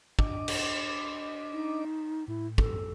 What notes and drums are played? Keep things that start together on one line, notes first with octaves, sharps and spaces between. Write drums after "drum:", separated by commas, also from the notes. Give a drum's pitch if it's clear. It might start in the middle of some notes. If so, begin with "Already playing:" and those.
D4 D#5 D6, drum: kick
drum: cymbal
D#4
A2 E4
A4, drum: kick